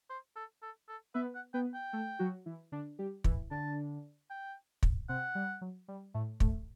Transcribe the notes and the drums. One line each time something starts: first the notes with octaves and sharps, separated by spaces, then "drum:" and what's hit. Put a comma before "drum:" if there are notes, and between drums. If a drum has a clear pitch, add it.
C5
A4
A4
A4
B3 B4 E5
F#5
B3 B4 G5
G5
A3 A4
F#3 F#4
E3 E4
D3 D4
G3 G4
E3 E4, drum: kick
D3 D4 A5
G5
drum: kick
C3 C4 F#5
G3
F#3
G3
A2 A3
A2 A3, drum: kick